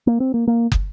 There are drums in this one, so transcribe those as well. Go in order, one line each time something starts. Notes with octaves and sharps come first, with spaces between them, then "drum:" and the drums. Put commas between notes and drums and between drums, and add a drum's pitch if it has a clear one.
A#3
C4
A#3
A#3
drum: kick